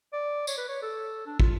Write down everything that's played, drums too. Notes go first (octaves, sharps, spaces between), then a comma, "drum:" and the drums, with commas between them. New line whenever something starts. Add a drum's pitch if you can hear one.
D5
C#5, drum: tambourine
B4
C#5
A4
D4
F4, drum: kick